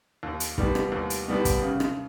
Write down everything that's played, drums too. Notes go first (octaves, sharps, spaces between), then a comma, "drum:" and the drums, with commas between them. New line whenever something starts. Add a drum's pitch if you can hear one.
D#2
drum: hi-hat
D#3 G3 B3, drum: kick
drum: rim click
D#2
drum: hi-hat
D#3 G3 B3
drum: kick, hi-hat
C#3
drum: rim click